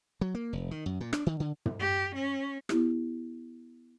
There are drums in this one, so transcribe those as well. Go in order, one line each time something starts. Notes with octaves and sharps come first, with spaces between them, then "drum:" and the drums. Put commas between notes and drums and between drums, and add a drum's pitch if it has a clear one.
F#3
A#3
F1
D#3
F#2
A#2
D4, drum: rim click
D#3
D3
drum: tom
G4
C#4
B3 E4 G4, drum: rim click